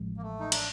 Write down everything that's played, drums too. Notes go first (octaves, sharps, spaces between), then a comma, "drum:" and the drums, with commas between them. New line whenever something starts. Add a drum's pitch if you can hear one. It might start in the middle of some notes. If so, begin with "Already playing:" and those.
Already playing: A1 A2 F3 G#3
A#3
A3
D#4
D4, drum: cymbal